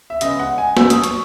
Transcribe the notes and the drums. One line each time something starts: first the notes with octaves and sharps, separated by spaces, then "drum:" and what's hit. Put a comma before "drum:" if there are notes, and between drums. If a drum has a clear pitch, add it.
E5
C#3 G#3 B3 D#5, drum: hi-hat
F#5
G#5
B2 F#3 A#3 C#4 E6, drum: snare
D#6, drum: hi-hat
C#6, drum: hi-hat